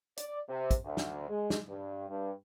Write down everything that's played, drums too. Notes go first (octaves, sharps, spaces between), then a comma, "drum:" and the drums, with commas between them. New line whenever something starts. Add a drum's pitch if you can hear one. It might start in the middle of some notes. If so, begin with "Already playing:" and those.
D5, drum: hi-hat
C3
drum: kick, hi-hat
D2
drum: snare
G#3
drum: snare
G2
G2